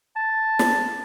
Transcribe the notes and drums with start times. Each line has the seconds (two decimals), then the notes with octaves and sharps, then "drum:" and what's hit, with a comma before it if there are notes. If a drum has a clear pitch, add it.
0.16 A5
0.59 drum: snare